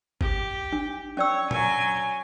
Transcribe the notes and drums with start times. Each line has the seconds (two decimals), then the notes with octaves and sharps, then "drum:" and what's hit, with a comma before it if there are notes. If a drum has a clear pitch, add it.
0.21 G4, drum: kick G#1
0.72 D4
1.17 C#4 C#5 D5 E6
1.51 F#3 G#5, drum: tom A#2